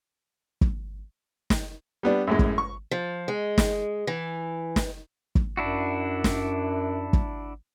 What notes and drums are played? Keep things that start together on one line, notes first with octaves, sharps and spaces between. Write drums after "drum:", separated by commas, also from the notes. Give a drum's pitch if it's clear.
drum: kick
drum: snare
G3 B3 D4
F#2 A2 G#3
drum: kick
C#6
F3
G#3
drum: snare
E3
drum: snare
drum: kick
F#2 D4 E4 F#4
drum: snare
drum: kick